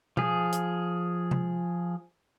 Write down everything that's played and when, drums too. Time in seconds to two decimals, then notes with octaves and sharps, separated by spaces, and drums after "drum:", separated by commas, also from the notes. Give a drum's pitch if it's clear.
0.17 F3 G#4, drum: tom B2
0.52 drum: hi-hat
1.31 drum: tom C3